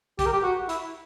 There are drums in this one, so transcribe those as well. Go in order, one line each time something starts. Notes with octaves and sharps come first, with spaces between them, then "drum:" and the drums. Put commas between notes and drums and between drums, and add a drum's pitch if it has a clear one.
G4, drum: kick, hi-hat
A#4
G4
F#4
E4, drum: hi-hat